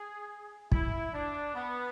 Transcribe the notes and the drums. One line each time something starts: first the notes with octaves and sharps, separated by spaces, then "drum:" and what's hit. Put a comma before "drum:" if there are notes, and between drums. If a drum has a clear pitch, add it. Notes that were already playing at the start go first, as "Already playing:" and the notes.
Already playing: G#4
E4, drum: kick
D4
B3